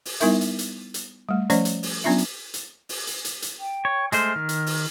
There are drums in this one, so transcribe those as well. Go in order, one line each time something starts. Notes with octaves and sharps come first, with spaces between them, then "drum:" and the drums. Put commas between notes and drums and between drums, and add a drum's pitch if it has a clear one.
drum: open hi-hat
G3 B3 D#4 E4 A#4 E5, drum: hi-hat
drum: hi-hat
drum: hi-hat
drum: hi-hat
G3 A3
F3 A3 C#4 C5 D5 D#5, drum: hi-hat
drum: hi-hat
drum: open hi-hat
F#3 B3 C#4 D4 F4 E5
drum: hi-hat
drum: hi-hat
drum: open hi-hat
drum: hi-hat
drum: hi-hat
drum: hi-hat
G5
C#5
G#3 A3 C5 F6, drum: hi-hat
D#3
drum: hi-hat
drum: open hi-hat